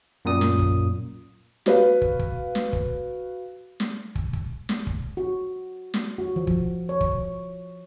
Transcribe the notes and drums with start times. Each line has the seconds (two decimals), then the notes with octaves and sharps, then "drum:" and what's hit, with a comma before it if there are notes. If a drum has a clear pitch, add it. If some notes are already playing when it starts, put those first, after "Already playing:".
0.25 F#2 A#2 D#6
0.41 drum: snare
0.59 drum: kick
1.66 F#4 B4 F5, drum: snare
2.02 drum: kick
2.19 drum: kick
2.55 drum: snare
2.73 drum: kick
3.80 drum: snare
4.15 drum: kick
4.33 drum: kick
4.69 drum: snare
4.87 drum: kick
5.17 F#4
5.94 drum: snare
6.18 F#4
6.36 F3
6.47 drum: kick
6.89 C#5
7.01 drum: kick